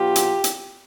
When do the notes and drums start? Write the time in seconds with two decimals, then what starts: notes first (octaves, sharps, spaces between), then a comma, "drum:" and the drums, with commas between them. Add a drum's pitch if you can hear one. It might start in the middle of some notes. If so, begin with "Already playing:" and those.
Already playing: B2 F#3 F4 G4
0.16 drum: hi-hat
0.44 drum: hi-hat